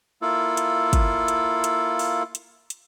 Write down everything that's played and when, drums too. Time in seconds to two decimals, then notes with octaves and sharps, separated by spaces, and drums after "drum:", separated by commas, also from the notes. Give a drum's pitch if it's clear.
0.22 A#3 E4 F4 A4
0.57 drum: hi-hat
0.93 drum: kick, hi-hat
1.28 drum: hi-hat
1.64 drum: hi-hat
1.99 drum: open hi-hat
2.35 drum: hi-hat
2.70 drum: hi-hat